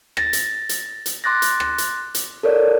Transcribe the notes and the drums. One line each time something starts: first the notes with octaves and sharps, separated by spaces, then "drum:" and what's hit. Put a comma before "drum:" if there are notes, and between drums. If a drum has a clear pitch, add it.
A6 A#6, drum: rim click
drum: hi-hat
drum: hi-hat
drum: hi-hat
C6 D6 F#6 A6 A#6
drum: hi-hat
drum: rim click
drum: hi-hat
drum: hi-hat
A4 A#4 C#5 D5